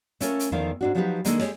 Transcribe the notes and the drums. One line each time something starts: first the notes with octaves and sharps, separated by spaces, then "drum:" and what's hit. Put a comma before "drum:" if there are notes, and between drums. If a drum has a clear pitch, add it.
A3 C#4 F4 A#4, drum: hi-hat
drum: hi-hat
E2 D#3 F3 A3 A#4 F5
G#2 D4 F#4
F3 F#3 D#4 G4 G#4 B4
D#3 G#3 A#3 D4 D#4 A4, drum: hi-hat
G#3 G4 C#5 D#5, drum: snare